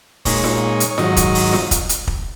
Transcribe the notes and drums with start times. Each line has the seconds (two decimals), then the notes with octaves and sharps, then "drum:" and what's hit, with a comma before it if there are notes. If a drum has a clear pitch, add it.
0.25 A#2 G#3 D#4 C#5, drum: kick, open hi-hat
0.44 drum: snare F4
0.80 drum: hi-hat
0.91 C#5
0.98 G#2 D#3 F#3 D#5, drum: snare F4
1.17 drum: kick, hi-hat
1.35 drum: open hi-hat
1.53 drum: snare F4
1.71 drum: kick, hi-hat
1.89 drum: hi-hat
2.07 drum: kick